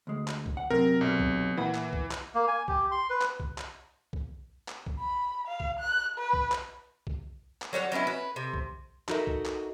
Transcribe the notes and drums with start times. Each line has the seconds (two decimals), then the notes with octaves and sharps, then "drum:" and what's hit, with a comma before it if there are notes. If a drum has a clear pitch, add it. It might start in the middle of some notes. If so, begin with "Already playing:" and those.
0.07 D2 G#3
0.28 drum: clap
0.46 drum: kick B1
0.57 F#5
0.70 F#2 C3 A#4
1.01 B1
1.19 drum: kick B1
1.57 A#2 E3 F#5 B5
1.74 drum: clap
1.93 drum: kick B1
2.11 drum: clap
2.35 A#3
2.48 G#5
2.68 G4, drum: kick B1
2.91 C6
3.10 B4
3.21 drum: clap
3.40 drum: kick B1
3.58 drum: clap
4.13 drum: kick B1
4.68 drum: clap
4.86 drum: kick B1
4.99 B5
5.47 F5
5.60 drum: kick B1
5.80 F#6
6.18 B4
6.33 drum: kick B1
6.52 drum: clap
7.07 drum: kick B1
7.62 drum: clap
7.73 F#3 G3 C#5 F#5
7.92 F#3 B3 C#4 E4
8.07 B4
8.36 C3
8.54 drum: kick B1
9.08 D#4 F#4 A4 A#4 D#5 E5, drum: clap
9.27 drum: kick B1
9.45 drum: clap